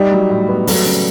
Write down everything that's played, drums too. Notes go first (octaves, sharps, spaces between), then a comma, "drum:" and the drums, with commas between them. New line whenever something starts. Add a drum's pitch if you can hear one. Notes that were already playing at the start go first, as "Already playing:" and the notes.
Already playing: G3 D#4
F#3
A2
B3
F#3 A3, drum: open hi-hat
C#3